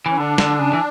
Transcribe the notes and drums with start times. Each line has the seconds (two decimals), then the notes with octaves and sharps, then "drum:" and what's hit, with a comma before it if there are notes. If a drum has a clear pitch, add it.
0.06 E3 C#4
0.17 D3 D4
0.38 D3, drum: snare
0.59 C#3
0.73 E3